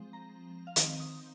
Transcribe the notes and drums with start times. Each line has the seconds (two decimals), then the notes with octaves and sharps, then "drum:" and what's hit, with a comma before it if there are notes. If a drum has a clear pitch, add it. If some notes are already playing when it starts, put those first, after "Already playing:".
Already playing: F3 G#3 C4
0.13 A#5
0.67 F5
0.76 D#3 C4 D#5, drum: hi-hat
1.00 D#6